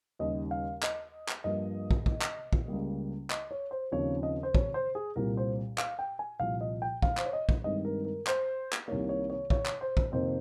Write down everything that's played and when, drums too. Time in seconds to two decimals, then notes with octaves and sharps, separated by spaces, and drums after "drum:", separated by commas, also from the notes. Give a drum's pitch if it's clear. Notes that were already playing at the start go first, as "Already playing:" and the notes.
0.19 D#2 C#3 G3 A#3 D#5
0.51 F5
0.83 D#5, drum: clap
1.29 drum: clap
1.44 G2 F3 A#3 D#5
1.91 drum: kick
2.06 drum: kick
2.22 drum: clap
2.53 drum: kick
2.68 C#2 C#3 G3 A#3
3.30 D#5, drum: clap
3.51 C#5
3.71 C5
3.92 D#2 C#3 F3 C4 C#5
4.23 D#5
4.43 C5
4.55 C#5, drum: kick
4.74 C5
4.95 G#4
5.16 C2 A#2 G3 C4 A#4
5.37 C5
5.78 F5, drum: clap
5.99 G5
6.19 G#5
6.40 C2 A#2 F3 F5
6.61 D#5
6.82 G5
7.02 F5, drum: kick
7.17 C5, drum: clap
7.26 C#5
7.33 D#5
7.49 drum: kick
7.64 G2 D#3 G#3 C4 D#5
7.85 A#4
8.05 A#4
8.27 C5, drum: clap
8.73 drum: clap
8.88 C2 C3 D#3 A#3 C#5
9.09 C#5
9.30 C#5
9.50 C#5, drum: kick
9.66 drum: clap
9.81 C5
9.97 drum: kick
10.12 F2 C3 D#3 A#3 C5